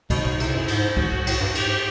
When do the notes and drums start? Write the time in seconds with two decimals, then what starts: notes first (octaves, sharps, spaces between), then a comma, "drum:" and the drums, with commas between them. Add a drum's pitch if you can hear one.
0.10 B2 D#4, drum: kick C2, cymbal
0.26 B2
0.40 C3 E4, drum: cymbal
0.54 F#2
0.68 G#2, drum: cymbal
0.97 F#4, drum: kick C2
1.27 A2, drum: cymbal
1.40 G2
1.55 G#2 G4, drum: cymbal